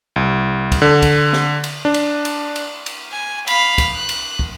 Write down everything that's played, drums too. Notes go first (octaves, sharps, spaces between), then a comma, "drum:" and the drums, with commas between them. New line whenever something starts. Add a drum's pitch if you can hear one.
C2
drum: kick, cymbal
D3
drum: kick, cymbal
drum: snare
drum: cymbal
D4
drum: cymbal
drum: cymbal
drum: cymbal
drum: cymbal
G#5
F5 B5, drum: cymbal
drum: kick, cymbal
F#6
drum: cymbal
drum: kick